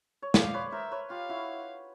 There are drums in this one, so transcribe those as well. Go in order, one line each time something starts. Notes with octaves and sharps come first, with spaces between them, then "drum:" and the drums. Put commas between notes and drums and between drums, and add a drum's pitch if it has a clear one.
C#5
C5 D5 F5, drum: snare
B4 C#5
A#4 C5 E5
B4 C#5
F4 G4 F5
E4 F#4